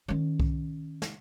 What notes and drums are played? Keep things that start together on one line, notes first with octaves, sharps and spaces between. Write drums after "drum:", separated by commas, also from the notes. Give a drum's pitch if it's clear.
D#3 C#4
drum: kick C2
drum: snare